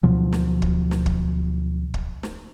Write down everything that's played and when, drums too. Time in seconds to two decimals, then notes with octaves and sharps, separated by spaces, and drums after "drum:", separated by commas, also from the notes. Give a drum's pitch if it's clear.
0.03 D2 B2 F3 F#3
0.33 drum: snare
0.62 drum: kick
0.91 drum: snare
1.06 drum: kick
1.94 drum: kick
2.23 drum: snare